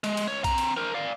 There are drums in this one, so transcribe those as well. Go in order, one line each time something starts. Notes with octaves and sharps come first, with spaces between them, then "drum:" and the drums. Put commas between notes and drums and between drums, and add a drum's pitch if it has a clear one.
G#3, drum: cymbal
drum: cymbal
C#2 C#5
C4 A#5, drum: kick, cymbal
drum: cymbal
A#4 C5
D5 F5